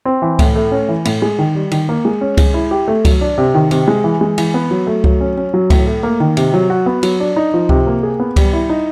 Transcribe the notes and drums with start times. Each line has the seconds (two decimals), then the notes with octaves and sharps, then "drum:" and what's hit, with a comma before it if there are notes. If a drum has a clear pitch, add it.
0.05 C4
0.22 E3
0.39 A2, drum: kick C#2, cymbal
0.55 A3
0.72 C#4
0.89 E3
1.05 A2, drum: cymbal
1.22 G#3
1.39 D#3
1.55 G3
1.71 D#3, drum: cymbal
1.89 A#3
2.05 G#3
2.21 C#4
2.37 G#3, drum: kick C#2, cymbal
2.54 E4
2.71 G4
2.88 A3
3.05 F#3, drum: kick C#2, cymbal
3.21 D4
3.38 C3
3.54 D#3
3.71 C3, drum: cymbal
3.88 G#3
4.04 E3
4.21 G#3
4.38 E3, drum: cymbal
4.54 B3
4.71 F#3
4.87 A3
5.04 F#3, drum: kick C#2
5.21 C#4
5.37 C#4
5.54 F#3
5.70 A2, drum: kick C#2, cymbal
5.87 A3
6.03 A#3
6.20 D#3
6.37 C3, drum: cymbal
6.54 F#3
6.70 F#4
6.86 B3
7.03 F#3, drum: cymbal
7.20 D4
7.36 D#4
7.54 F3
7.69 C3, drum: kick C#2
7.87 A#3
8.03 G#4
8.20 B3
8.36 G3, drum: kick C#2, cymbal
8.53 E4
8.69 D#4